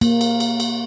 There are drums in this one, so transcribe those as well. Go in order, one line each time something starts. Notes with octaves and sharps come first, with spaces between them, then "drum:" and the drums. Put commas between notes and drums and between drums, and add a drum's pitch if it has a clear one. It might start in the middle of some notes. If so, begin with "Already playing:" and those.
A#3, drum: cymbal
drum: cymbal
drum: cymbal
drum: cymbal